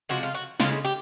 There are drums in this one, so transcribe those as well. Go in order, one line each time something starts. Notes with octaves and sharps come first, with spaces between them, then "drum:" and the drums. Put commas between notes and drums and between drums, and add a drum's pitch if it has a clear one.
C3 F3 G#3 F#4, drum: hi-hat
F4
F#4
C#3 F3 G#3 F4, drum: snare
G4